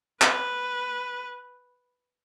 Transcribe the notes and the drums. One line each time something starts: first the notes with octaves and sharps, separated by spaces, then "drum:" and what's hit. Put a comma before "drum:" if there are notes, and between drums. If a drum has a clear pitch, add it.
B4, drum: clap